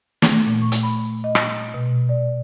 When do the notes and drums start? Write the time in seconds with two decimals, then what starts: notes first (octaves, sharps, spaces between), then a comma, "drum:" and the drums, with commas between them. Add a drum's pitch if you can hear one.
0.22 A3, drum: snare
0.47 A#2
0.62 C#6
0.72 drum: hi-hat
0.83 B5
1.24 D#5
1.35 drum: rim click
1.74 B2
2.09 D5